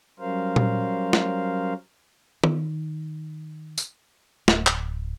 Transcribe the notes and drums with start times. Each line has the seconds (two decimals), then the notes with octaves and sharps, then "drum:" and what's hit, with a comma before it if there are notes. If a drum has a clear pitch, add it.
0.20 F#3 G3 C#4 A#4 C5 F5
0.56 drum: tom A#2
1.13 drum: snare
2.44 D#3, drum: tom D#3
3.78 drum: tambourine
4.48 D1, drum: snare
4.67 drum: clap